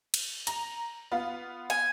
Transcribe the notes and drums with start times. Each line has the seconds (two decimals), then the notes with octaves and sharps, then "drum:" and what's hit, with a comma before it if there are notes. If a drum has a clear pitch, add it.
0.14 drum: cymbal
0.47 A#5, drum: hi-hat
1.12 B3 F4
1.70 G#5